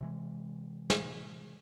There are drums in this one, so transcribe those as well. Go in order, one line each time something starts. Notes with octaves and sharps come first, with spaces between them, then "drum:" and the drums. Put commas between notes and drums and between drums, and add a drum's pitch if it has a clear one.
C3 E3 G#3
drum: snare